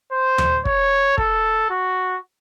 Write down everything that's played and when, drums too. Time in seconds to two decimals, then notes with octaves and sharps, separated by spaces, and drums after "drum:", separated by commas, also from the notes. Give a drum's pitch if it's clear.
0.12 C5
0.38 drum: tom D#2
0.65 C#5, drum: kick
1.18 A4, drum: kick
1.71 F#4